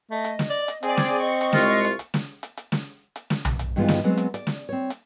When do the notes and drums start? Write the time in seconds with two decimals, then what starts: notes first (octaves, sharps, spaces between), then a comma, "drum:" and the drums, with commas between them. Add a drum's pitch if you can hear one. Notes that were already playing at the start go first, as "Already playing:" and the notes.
0.11 A3 D#5
0.24 drum: hi-hat
0.39 drum: snare
0.50 D5
0.68 drum: hi-hat
0.83 C4 G#4 D5, drum: hi-hat
0.97 drum: snare
1.19 D#5 C#6
1.41 drum: hi-hat
1.53 C2 G#3 F4, drum: snare
1.85 drum: hi-hat
1.99 drum: hi-hat
2.14 drum: snare
2.43 drum: hi-hat
2.57 drum: hi-hat
2.72 drum: snare
3.16 drum: hi-hat
3.30 drum: snare
3.45 drum: tom B1
3.59 drum: hi-hat
3.76 G2 D#3 E3 G#3 B3 F4
3.88 drum: snare
4.04 F#3 G#3 B3 C4
4.18 drum: hi-hat
4.34 D5, drum: hi-hat
4.47 drum: snare
4.69 C4 C#5
4.90 drum: hi-hat